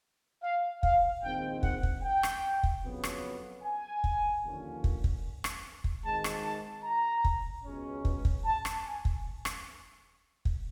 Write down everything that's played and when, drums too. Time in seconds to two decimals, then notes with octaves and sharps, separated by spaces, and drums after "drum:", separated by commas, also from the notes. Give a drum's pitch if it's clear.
0.43 F5
0.83 F5, drum: kick
1.23 A#1 G#2 D#3 G#3 C4 G5
1.63 F#5, drum: kick
1.83 drum: kick
2.03 G5
2.23 drum: rim click
2.63 drum: kick
2.83 F2 C#3 F#3 B3
3.04 drum: rim click
3.63 G#5
4.04 drum: kick
4.43 D#2 D3 F3 A#3 C#4
4.84 drum: kick
5.04 drum: kick
5.44 drum: rim click
5.84 drum: kick
6.04 G#1 G#2 D#3 G#3 A5
6.24 drum: rim click
6.44 A5
6.84 A#5
7.25 drum: kick
7.65 C#2 B2 G#3 C#4
8.05 drum: kick
8.25 drum: kick
8.45 A5
8.65 drum: rim click
8.85 G#5
9.05 drum: kick
9.45 drum: rim click
10.45 drum: kick